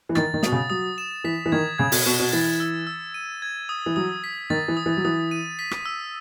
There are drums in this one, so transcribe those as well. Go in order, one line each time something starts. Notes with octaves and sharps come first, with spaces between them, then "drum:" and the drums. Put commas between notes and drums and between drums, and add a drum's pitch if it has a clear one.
E3
D#3 A6, drum: rim click
D#3
B2 D#6, drum: snare
C#3
F#3 D#6
E7
E3 B6
E3
D#3 G#6
C#3 G#6
B2, drum: open hi-hat
B2 E7
B2
E3 A6
E6
E6
D#7
G#6
D#6
E3
F#3 D#6
B6
D#3 A6
E3
D#6
E3
F#3
E3 D#6
D#7
B6
drum: rim click
E6